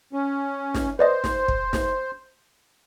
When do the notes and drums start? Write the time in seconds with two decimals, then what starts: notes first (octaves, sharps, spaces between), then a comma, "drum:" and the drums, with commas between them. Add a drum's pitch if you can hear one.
0.13 C#4
0.74 drum: snare
0.99 B4 C5 D5 D#5
1.24 drum: snare
1.48 drum: kick
1.73 drum: snare